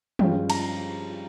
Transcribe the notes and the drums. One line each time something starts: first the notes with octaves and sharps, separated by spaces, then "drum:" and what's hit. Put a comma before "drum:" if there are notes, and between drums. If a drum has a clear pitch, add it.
G2 F3 G#3 C#4 F4 G5, drum: tom
A#5, drum: cymbal